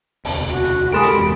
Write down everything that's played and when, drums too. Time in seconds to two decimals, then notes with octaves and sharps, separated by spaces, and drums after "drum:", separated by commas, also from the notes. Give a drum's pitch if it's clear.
0.25 E1 D2 C3, drum: open hi-hat
0.50 F#4
0.64 drum: hi-hat
0.92 G#3 G4 A4 A#4 B5 C6 D7
1.03 drum: hi-hat
1.14 G1 E2 C3